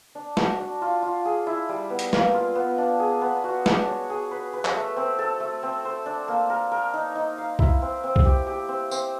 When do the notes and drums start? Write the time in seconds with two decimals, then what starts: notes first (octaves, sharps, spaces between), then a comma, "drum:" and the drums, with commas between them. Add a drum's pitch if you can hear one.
0.15 D4
0.37 F#4, drum: snare
0.58 D4
0.82 F4
1.02 F4
1.25 G#4
1.47 E4
1.69 G3
1.90 B3
1.99 drum: hi-hat
2.13 A#3, drum: snare
2.34 F4
2.55 B3
2.78 D4
3.00 G#4
3.22 B3
3.44 F#4
3.66 D4, drum: snare
3.87 C#5
4.10 G#4
4.31 B4
4.53 B4
4.65 drum: clap
4.76 A3
4.96 C4
5.19 A4
5.40 A3
5.63 C4
5.85 C5
6.06 D4
6.28 A#3
6.50 A#4
6.72 A#4
6.94 D#4
7.15 D#4
7.38 F5
7.59 E4, drum: kick C2
7.82 C4
8.04 C4
8.16 drum: kick C2
8.25 G4
8.47 G4
8.68 C4
8.91 C4, drum: tambourine